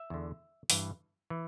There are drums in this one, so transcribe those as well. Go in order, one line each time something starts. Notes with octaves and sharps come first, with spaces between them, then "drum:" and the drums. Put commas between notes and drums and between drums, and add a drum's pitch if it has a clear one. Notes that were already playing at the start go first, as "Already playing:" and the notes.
Already playing: E5
E2 D3
G2 E3, drum: open hi-hat
E3